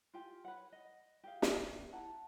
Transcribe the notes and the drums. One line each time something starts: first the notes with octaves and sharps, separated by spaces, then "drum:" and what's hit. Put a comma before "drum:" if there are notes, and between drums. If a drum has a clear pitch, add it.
F4 G4 G#5
B4 C#5 F#5
D#5
G4 G#4 F5
G4 G#4 B4, drum: snare
E4 F#5 A5 A#5